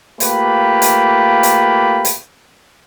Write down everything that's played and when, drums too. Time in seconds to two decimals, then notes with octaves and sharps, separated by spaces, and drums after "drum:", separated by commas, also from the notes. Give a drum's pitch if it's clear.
0.20 A3 A#3 F4 G4 B4, drum: hi-hat
0.82 drum: hi-hat
1.43 drum: hi-hat
2.05 drum: hi-hat